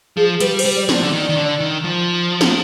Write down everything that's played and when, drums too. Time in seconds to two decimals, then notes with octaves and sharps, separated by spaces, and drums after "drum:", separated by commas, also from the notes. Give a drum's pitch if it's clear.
0.17 F3 G#4
0.40 G3 B4, drum: hi-hat
0.59 C5, drum: cymbal
0.65 G3
0.76 D5
0.89 F3, drum: snare
0.95 D5
1.02 D3
1.12 D#3
1.29 D#3
1.37 D3
1.60 D#3
1.84 F3
2.41 drum: snare